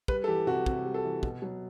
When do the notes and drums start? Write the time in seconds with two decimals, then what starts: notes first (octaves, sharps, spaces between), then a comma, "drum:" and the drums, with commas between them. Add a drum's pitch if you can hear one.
0.08 G3 B4, drum: kick
0.24 A4
0.28 E3 G4
0.47 C3 F#4
0.66 C3, drum: kick
0.85 G3
0.94 A4
1.04 E3
1.23 B2, drum: kick
1.42 F#3